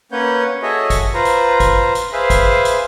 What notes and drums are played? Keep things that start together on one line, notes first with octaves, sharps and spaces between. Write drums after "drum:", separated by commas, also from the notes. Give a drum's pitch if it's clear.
A#3 C#4 B4 C#5 F#5 G6
F#4 G#4 A4 C#5 D#5 E5
drum: kick G1, hi-hat
F4 B4 C5 A#5
drum: hi-hat
drum: kick G1, hi-hat
drum: hi-hat
G#4 B4 C5 E5 F5
drum: kick G1, hi-hat
drum: hi-hat